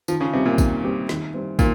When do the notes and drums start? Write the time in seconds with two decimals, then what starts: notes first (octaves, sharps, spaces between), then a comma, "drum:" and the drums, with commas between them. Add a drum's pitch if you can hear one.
0.08 D#3 F3, drum: tambourine
0.21 C#3
0.33 C3 G3 C4 G4
0.46 A#2
0.58 D#3, drum: kick, tambourine
0.84 G3 C4 G4
1.09 D#3, drum: snare
1.34 G3 C4
1.59 A#2 D#3, drum: kick, tambourine